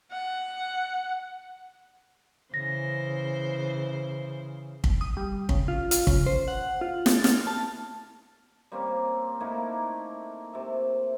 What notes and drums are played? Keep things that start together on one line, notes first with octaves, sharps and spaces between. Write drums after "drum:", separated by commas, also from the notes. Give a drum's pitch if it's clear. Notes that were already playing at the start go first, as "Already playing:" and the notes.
F#5
C#3 E3 C5 A#6
drum: kick
D#6
G3
C#3, drum: kick
F4
F4, drum: hi-hat
C#3, drum: kick
C5
F#5
F4
A6, drum: snare
F6, drum: snare
A5
G3 A#3 C4 C#4
A3 A#3 D#4 E4
C3 E5